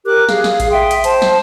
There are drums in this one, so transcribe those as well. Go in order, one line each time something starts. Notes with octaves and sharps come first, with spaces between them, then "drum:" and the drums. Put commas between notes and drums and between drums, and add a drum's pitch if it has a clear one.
G4 A#4 D6 F#6
G#4 F5, drum: snare
drum: snare
drum: kick A1, hi-hat
E5 G5 C6 D#6
drum: hi-hat
C5 A5, drum: hi-hat
drum: snare